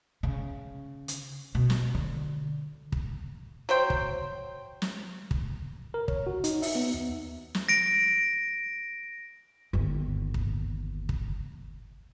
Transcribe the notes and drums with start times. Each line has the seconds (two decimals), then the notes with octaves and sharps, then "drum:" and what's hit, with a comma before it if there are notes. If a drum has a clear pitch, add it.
0.23 C#3
1.08 drum: hi-hat
1.55 B2
1.70 drum: snare
1.95 D3
2.92 drum: kick
3.69 F#3 C5 G5
3.90 drum: kick
4.82 drum: snare
5.31 drum: kick
5.94 A#4
6.08 C#5, drum: kick
6.27 F#4
6.44 D#4, drum: hi-hat
6.62 E5, drum: open hi-hat
6.75 B3
6.94 D#2
7.55 drum: snare
7.68 A#6 D7
9.73 G1 D#2
10.34 drum: kick
11.09 drum: kick